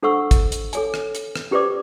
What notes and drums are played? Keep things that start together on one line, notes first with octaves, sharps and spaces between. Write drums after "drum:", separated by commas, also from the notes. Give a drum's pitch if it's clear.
D4 A4 C5 F#5 C#6 E6
drum: kick, hi-hat
drum: hi-hat
A4 C#5 G#5, drum: hi-hat
drum: rim click
drum: hi-hat
drum: rim click
C#4 G4 B4 C5 D5 D6